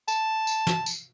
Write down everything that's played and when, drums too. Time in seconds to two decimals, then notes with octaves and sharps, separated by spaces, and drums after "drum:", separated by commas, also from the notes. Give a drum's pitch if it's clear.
0.08 A5, drum: tambourine
0.47 drum: tambourine
0.67 drum: snare
0.86 drum: tambourine